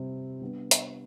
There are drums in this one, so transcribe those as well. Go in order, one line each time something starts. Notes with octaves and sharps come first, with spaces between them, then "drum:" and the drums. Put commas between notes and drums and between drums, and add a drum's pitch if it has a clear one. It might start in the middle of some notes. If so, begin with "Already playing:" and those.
Already playing: C3 G3 C4
G3 B3 D4
drum: hi-hat